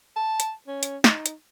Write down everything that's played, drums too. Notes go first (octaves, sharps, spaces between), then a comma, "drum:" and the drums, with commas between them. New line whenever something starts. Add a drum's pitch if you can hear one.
A5
drum: hi-hat
C#4
drum: hi-hat
D#4, drum: snare
drum: hi-hat